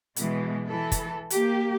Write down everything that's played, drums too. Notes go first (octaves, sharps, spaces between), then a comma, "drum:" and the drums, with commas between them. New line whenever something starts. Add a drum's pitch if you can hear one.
B2 E3 G#3, drum: hi-hat
E3 A4
drum: kick, hi-hat
A#3 G4, drum: hi-hat